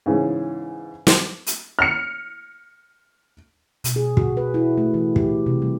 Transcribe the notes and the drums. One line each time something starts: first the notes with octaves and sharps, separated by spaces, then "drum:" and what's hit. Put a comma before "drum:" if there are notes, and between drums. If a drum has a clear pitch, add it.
G#2 C#3 E3
drum: snare
drum: hi-hat
F6 C#7
B2, drum: hi-hat
G#4
F#4, drum: kick
B4
E4
A3
E3
G4, drum: kick
C3
G3